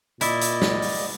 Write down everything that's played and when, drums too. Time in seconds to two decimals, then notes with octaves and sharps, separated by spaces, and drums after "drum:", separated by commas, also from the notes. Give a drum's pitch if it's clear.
0.21 A#2 E4 D5 D#5, drum: hi-hat
0.41 drum: hi-hat
0.62 drum: snare
0.82 drum: open hi-hat